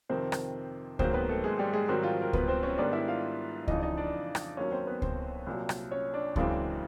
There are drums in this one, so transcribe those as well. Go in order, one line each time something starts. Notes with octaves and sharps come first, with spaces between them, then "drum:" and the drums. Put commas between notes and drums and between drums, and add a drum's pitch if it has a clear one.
F2 C3 D#3 C4 C5
drum: rim click
G#2 D#3 F#3 A#3 C4 C5, drum: kick C#2
B3 B4
A3 A4
G#3 G#4
G3 G4
G#3 G#4
G#2 D#3 F#3 G3 C4 F#4
F3 F4
A#4
B3 B4, drum: kick C#2
C4 C5
C#4 C#5
G#2 D#3 G3 B3 D4 D5
E4 E5
F4 F5
F2 C#3 E3 D#4 D#5, drum: kick C#2
D5
D#4 D#5
D4 D5
drum: rim click
D#2 D#3 F#3 C#4 C#5
C4 C5
B3 B4
C4 C5, drum: kick C#2
C2 A#2 F#3
drum: rim click
C#4 C#5
D4 D5
F#2 C#3 E3 G#3 C4 D4 D5, drum: kick C#2